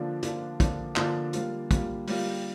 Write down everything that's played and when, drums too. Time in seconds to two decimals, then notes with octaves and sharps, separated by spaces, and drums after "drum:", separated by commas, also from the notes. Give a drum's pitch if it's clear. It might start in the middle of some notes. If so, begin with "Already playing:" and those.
Already playing: D3 F3 A#3 D4 F4
0.23 D3 F3 A#3 D4 F4, drum: hi-hat
0.60 D3 F3 A#3 D4 F4, drum: kick, hi-hat
0.96 D3 F3 A#3 D4 F4, drum: clap
1.33 G3 A#3 F4, drum: hi-hat
1.71 G3 A#3 F4, drum: kick, hi-hat
2.08 G3 A#3 F4, drum: open hi-hat